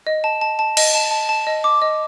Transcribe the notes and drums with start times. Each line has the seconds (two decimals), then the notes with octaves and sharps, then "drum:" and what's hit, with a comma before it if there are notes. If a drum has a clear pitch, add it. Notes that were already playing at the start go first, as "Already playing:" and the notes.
0.07 D#5
0.24 A5
0.41 A5
0.59 A5
0.77 D#5, drum: cymbal
0.95 A5
1.11 A5
1.29 A5
1.47 D#5
1.64 D6
1.82 D#5